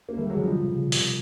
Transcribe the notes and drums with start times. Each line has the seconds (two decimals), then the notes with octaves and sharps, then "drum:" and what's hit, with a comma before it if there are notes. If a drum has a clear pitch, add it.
0.09 A#3
0.17 D#3 G3 A3
0.30 F#3 G#3
0.36 D3
0.42 F3 G3
0.55 C#3
0.62 C3
0.70 C#3
0.87 B2
0.92 C3, drum: open hi-hat